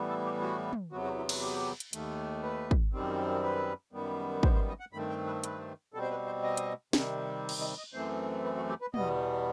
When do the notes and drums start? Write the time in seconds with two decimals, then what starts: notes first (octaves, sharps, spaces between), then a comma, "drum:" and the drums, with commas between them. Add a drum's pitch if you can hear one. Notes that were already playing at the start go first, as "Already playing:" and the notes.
Already playing: A2 E3 G3 B3
0.09 A4
0.25 G4
0.41 F#4
0.73 drum: tom
0.92 E2 C3 F#3 B3 F#4
1.04 F#4
1.17 E4
1.29 F#4, drum: cymbal
1.42 G4
1.80 drum: hi-hat
1.93 D#2 D#3 A3, drum: hi-hat
2.43 B4
2.71 drum: kick
2.93 F#2 D#3 G3 C4
3.43 B4
3.93 F#2 D#3 G3 B3
4.43 C5, drum: kick
4.55 C5
4.68 D#5
4.80 F#5
4.93 G2 D#3 A3 C4 B5
5.10 G5
5.27 B4
5.44 B4, drum: hi-hat
5.94 B2 G3 C4 A4
6.02 C5
6.11 B4
6.26 C5
6.43 D#5
6.57 drum: hi-hat
6.93 C3 D#3 G3 C4, drum: snare
7.49 drum: cymbal
7.61 D#5
7.78 D#5
7.93 F#2 E3 A3 C4 C5
8.44 B4
8.56 F#4
8.69 G4
8.81 B4
8.94 E2 B2 G3 B3 D#5, drum: tom